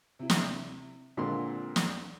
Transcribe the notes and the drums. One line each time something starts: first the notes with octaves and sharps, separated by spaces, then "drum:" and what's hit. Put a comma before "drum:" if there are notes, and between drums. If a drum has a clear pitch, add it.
C3 E4
drum: snare
A#2 D3 G#3 A#3 C4 C6
drum: snare